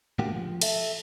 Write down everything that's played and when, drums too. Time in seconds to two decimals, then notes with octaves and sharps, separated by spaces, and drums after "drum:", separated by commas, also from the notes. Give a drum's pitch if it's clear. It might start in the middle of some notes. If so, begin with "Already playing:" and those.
0.19 A2 D3 G#3 A#3 F#4 G4
0.32 F3
0.62 A4 E5, drum: cymbal